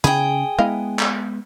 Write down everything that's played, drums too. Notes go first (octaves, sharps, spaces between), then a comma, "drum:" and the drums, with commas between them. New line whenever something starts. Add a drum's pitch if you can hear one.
C#3 E4 G#4 G5
G#3 B3 E4 D#5 F5
drum: clap